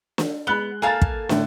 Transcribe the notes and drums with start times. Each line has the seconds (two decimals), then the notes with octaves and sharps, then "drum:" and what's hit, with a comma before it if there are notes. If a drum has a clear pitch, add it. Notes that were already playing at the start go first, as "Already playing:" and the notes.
0.18 drum: snare
0.47 G#3 B3 F#6 G7
0.82 A#3 A4 F5 G#5 A6
1.02 drum: kick
1.29 A2 D3, drum: snare